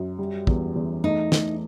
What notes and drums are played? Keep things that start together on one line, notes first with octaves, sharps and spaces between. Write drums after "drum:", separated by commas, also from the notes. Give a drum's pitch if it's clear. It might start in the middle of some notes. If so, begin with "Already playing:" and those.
Already playing: F#2
G3
E2, drum: kick
E2
A3 D#4
A3, drum: snare